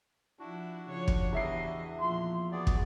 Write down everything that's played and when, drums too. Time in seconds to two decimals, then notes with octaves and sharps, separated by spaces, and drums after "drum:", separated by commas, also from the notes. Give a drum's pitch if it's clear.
0.39 F3 D4 E4 F#4
0.88 C#3 F3 C#5
1.08 drum: kick
1.32 E2 E3 G3 D#5 E5 C7
2.00 A#2 F3 C6
2.52 B3 F#4 G#4 D5
2.67 drum: kick